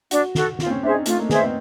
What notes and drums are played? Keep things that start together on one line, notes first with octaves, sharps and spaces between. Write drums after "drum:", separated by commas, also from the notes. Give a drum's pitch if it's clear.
D4 F#4, drum: hi-hat
F#4 A4, drum: snare
F4, drum: snare
C4
C#4
D4 G#4 C5 E5
D#4
A3 F4, drum: hi-hat
A#3
B3 G#4 C5 E5, drum: snare
C4